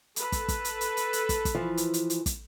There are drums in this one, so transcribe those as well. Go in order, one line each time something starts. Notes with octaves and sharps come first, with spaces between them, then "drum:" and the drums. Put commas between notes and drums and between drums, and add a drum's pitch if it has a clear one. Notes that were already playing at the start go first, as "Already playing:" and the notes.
A4 B4, drum: hi-hat
drum: kick, hi-hat
drum: kick, hi-hat
drum: hi-hat
drum: hi-hat
drum: hi-hat
drum: hi-hat
drum: kick, hi-hat
drum: kick, hi-hat
E3 F3
drum: hi-hat
drum: hi-hat
drum: hi-hat
drum: kick, hi-hat